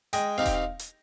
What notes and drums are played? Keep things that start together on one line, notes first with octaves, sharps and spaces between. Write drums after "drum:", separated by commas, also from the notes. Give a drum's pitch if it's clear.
G#3 D#5 G5, drum: hi-hat
C4 D#4 G4 F5
G5, drum: kick E1, hi-hat
F5
drum: hi-hat